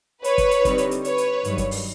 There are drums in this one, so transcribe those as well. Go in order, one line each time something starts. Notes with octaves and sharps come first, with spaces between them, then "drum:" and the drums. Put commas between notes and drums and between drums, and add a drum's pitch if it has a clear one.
B4 C#5, drum: hi-hat
drum: kick, hi-hat
drum: hi-hat
D3 G3 C4 D#4, drum: kick, hi-hat
drum: hi-hat
drum: hi-hat
B4 C#5, drum: hi-hat
drum: hi-hat
G2 D#3 F#3, drum: hi-hat
drum: kick, hi-hat
drum: open hi-hat